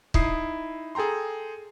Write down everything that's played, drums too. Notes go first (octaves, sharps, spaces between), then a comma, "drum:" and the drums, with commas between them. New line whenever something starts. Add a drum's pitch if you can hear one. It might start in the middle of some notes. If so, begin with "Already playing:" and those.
D#4 E4 D#6 C7, drum: kick
G#4 A4 G5 A#5 C6